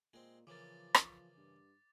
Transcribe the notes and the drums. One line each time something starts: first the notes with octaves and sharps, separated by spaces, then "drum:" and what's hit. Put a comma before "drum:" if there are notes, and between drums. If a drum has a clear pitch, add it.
A#2 G#3 C4
C#3 E3 F3 A#3 D6 A6
drum: rim click
G2